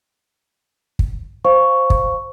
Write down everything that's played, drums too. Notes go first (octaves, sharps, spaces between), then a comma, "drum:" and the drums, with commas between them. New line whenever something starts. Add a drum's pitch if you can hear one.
drum: kick
C5 F5 C#6
drum: kick